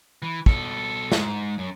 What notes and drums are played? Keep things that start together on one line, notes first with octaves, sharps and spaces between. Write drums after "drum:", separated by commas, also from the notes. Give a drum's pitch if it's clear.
E3
B2 A4, drum: kick
G#2, drum: snare
F#2